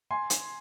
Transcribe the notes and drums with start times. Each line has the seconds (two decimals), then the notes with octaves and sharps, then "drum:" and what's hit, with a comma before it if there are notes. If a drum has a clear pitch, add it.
0.11 G#5 C6
0.30 drum: hi-hat